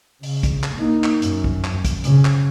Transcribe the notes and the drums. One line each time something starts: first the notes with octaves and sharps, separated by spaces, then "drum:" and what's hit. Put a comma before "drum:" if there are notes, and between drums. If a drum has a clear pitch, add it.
C#3, drum: open hi-hat
drum: kick, hi-hat
drum: clap
A#3 D#4
drum: clap
F#2, drum: hi-hat
drum: kick
drum: clap
drum: kick, hi-hat
C#3, drum: hi-hat
drum: clap